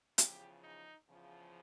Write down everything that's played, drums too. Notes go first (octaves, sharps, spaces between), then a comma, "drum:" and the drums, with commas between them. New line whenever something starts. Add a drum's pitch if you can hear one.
E2 C#3 F3 G4, drum: hi-hat
D#4
E2 C#3 F3